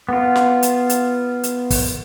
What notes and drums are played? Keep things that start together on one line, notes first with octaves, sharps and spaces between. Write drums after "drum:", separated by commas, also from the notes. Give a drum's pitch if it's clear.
B3 F4
drum: snare
drum: hi-hat
drum: hi-hat
drum: hi-hat
drum: kick, open hi-hat